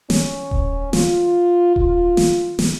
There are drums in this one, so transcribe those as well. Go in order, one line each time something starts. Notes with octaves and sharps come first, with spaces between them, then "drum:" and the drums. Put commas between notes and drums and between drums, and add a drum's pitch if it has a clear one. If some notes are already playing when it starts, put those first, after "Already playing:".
C#4, drum: snare
drum: kick D#1
F4, drum: snare
F4, drum: kick D#1
drum: snare
drum: snare